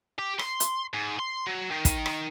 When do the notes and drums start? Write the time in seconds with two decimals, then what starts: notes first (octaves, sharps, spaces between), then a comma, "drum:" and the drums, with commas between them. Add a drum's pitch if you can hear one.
0.19 G4
0.39 C6, drum: rim click
0.60 drum: hi-hat
0.94 G#2
1.19 C6
1.47 F#3
1.71 D#3
1.85 drum: kick, hi-hat
2.06 drum: rim click